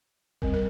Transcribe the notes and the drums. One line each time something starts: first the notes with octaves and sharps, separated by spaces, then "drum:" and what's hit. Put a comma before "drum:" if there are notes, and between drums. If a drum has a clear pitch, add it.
G3 C4 A#4, drum: kick F1
A#4